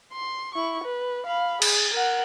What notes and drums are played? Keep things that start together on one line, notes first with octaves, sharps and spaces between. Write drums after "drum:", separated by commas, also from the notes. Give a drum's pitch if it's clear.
C6
E4 C#6
B4
F5 B5
G#4, drum: cymbal
A#4 F#5